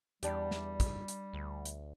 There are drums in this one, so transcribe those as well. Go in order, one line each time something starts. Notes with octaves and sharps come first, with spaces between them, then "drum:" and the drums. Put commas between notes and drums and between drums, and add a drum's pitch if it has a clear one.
E2 G3 D4 G4, drum: hi-hat
drum: snare
drum: kick, hi-hat
drum: hi-hat
D2
drum: hi-hat